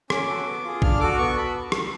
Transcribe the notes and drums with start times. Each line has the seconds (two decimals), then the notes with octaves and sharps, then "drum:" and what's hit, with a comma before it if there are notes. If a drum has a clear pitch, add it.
0.10 C#4 D6, drum: rim click
0.28 F#4 A4
0.46 B3
0.64 F4 G#4
0.82 D4 F6, drum: kick
1.00 F#4 A4 D6
1.18 B3 C#6
1.36 F#4 A4 B5
1.72 drum: rim click